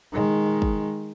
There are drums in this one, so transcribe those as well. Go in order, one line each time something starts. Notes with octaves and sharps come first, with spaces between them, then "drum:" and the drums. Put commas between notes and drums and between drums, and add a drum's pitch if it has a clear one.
D#3 G#3
drum: kick